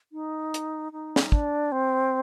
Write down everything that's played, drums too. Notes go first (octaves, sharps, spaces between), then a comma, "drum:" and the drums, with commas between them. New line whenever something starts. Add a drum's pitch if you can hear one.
D#4
drum: hi-hat
D#4
drum: snare
D4, drum: kick
C4